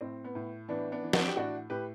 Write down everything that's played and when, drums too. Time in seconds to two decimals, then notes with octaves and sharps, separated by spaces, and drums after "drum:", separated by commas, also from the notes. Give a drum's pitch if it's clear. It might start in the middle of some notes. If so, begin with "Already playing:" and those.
0.01 A2 C4
0.24 B3
0.35 A2
0.68 E3 B3 D4
0.92 B3 D4
1.03 E3
1.13 D4 F#4, drum: snare
1.27 G4
1.36 A2 D4 F#4
1.70 A2 G4 B4